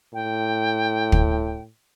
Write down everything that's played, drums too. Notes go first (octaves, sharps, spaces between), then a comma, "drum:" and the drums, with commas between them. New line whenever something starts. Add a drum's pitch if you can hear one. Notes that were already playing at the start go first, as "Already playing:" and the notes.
A2 G5
drum: kick